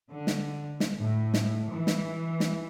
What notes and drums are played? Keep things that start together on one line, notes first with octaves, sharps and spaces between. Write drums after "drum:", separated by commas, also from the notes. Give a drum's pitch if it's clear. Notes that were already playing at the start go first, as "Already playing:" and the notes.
D3
drum: snare
drum: snare
A2
drum: snare
E3
drum: snare
drum: snare